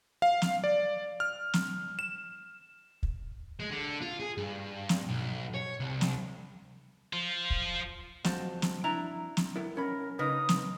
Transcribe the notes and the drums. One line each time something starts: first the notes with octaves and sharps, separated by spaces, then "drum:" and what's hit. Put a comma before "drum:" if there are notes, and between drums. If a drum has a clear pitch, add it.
F5
drum: snare
D5
F6
drum: snare
E7
drum: kick
G#3
D3
F4
G#4
G2
drum: snare
B1
C#5
C2
drum: snare
F4 C5
drum: kick
F2 F#4 C5 A5, drum: snare
drum: snare
D4 E4 A#5
drum: snare
B3 E4 A#4
B1 C#4 A#4 B5
C#3 D#4 B4 D#6
drum: snare